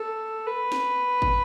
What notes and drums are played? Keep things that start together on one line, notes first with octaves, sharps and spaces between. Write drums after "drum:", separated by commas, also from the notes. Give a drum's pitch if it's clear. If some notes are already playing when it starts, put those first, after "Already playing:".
Already playing: A4
B4
drum: snare
drum: kick